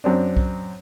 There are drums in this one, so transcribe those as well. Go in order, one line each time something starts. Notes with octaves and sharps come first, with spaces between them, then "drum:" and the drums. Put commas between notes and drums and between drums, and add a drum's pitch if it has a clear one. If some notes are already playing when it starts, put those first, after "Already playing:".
F#2 C4 D4
drum: kick B1